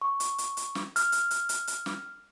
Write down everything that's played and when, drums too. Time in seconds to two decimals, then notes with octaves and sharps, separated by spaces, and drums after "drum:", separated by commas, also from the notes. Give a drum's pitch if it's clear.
0.01 C#6
0.20 drum: hi-hat
0.38 drum: hi-hat
0.57 drum: hi-hat
0.75 drum: snare
0.96 F6, drum: hi-hat
1.12 drum: hi-hat
1.31 drum: hi-hat
1.49 drum: hi-hat
1.67 drum: hi-hat
1.86 drum: snare